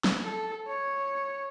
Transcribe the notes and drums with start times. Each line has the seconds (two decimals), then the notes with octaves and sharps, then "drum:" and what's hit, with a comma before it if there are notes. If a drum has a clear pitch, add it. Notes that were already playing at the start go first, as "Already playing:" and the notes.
0.04 drum: snare
0.24 A4
0.68 C#5